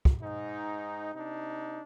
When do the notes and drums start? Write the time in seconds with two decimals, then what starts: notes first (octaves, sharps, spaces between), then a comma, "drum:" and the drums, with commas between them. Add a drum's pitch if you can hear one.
0.05 drum: kick
0.23 G#2 D#4
1.14 C3 D4 D#4